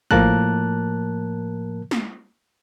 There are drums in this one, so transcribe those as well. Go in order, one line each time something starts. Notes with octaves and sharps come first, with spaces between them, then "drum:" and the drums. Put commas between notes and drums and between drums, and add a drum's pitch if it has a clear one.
A2 F3 A#3 A#4 A5 F#6, drum: kick
drum: snare